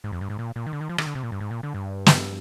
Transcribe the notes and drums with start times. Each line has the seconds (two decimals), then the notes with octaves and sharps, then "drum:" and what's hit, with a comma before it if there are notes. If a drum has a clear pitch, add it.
0.04 G#2
0.12 F2
0.21 G2
0.30 G#2
0.39 A#2
0.56 A#2
0.66 D#3
0.73 D3
0.81 D#3
0.89 F3
0.98 D#3, drum: rim click
1.06 D3
1.15 C3
1.23 A#2
1.32 G2
1.40 G#2
1.51 A#2
1.63 D3
1.74 G2
2.06 drum: snare